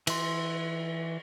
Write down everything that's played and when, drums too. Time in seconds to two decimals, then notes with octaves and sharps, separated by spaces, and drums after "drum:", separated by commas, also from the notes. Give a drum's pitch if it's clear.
0.07 E3 C6, drum: cymbal